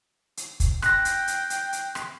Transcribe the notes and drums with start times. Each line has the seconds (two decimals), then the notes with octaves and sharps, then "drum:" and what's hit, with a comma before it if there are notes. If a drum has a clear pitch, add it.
0.37 drum: hi-hat
0.60 drum: kick, hi-hat
0.82 G5 F#6 A#6, drum: rim click
1.05 drum: hi-hat
1.28 drum: hi-hat
1.50 drum: hi-hat
1.73 drum: hi-hat
1.95 drum: rim click